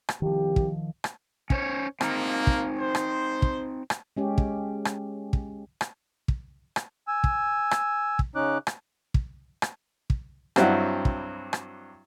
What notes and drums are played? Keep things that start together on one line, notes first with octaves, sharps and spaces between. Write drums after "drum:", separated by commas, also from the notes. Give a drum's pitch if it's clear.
drum: rim click
C2 D#3 F3 G4
drum: kick
drum: rim click
C#4 C5 C#5, drum: kick
A#3 C4 D#4, drum: rim click
drum: kick
C5
drum: rim click
drum: kick
drum: rim click
G#3 C#4 G4
drum: kick
drum: rim click
drum: kick
drum: rim click
drum: kick
drum: rim click
G#5 E6
drum: kick
drum: rim click
drum: kick
C#3 C#4 D#4 D6 F#6
drum: rim click
drum: kick
drum: rim click
drum: kick
G2 F#3 C4 D4 E4 F#4, drum: rim click
drum: kick
drum: rim click